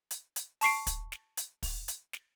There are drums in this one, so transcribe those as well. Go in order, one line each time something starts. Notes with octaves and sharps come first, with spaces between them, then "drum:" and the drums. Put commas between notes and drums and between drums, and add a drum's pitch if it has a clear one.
drum: hi-hat
drum: hi-hat
A5 C#6 C7 D7, drum: open hi-hat
drum: kick, hi-hat
drum: snare
drum: hi-hat
drum: kick, open hi-hat
drum: hi-hat
drum: snare